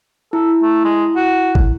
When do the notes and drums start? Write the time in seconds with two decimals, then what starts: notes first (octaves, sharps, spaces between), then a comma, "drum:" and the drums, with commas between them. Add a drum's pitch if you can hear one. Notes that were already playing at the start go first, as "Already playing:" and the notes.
0.33 E4 A4
0.62 A3
0.85 G#3
1.16 F#4
1.55 drum: kick